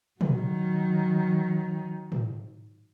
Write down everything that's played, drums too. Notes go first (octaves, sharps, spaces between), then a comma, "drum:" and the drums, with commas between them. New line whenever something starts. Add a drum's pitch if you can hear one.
D#3 F#3, drum: tom
drum: tom